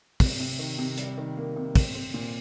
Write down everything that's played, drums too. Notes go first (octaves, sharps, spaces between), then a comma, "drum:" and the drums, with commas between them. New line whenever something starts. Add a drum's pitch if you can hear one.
C3, drum: kick, open hi-hat
C3
D#3
C3
G3, drum: hi-hat
D#3
A#3
C3
C4, drum: kick, open hi-hat
C4
A#2